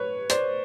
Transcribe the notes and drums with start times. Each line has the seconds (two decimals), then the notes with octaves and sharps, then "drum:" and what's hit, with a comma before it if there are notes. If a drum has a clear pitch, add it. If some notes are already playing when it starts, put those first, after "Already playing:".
Already playing: B4 C#5
0.30 C5 D5, drum: hi-hat